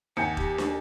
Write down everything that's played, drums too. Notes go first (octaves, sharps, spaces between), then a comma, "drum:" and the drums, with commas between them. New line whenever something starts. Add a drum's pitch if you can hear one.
D#2 F#5 G#5 G6 C#7
G4, drum: kick
drum: snare